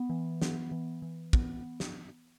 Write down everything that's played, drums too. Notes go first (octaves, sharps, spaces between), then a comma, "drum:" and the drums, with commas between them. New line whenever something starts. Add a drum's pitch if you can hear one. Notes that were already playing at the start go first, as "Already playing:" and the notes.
Already playing: B3
E3
B3, drum: snare
E3
E3
B3, drum: kick
drum: snare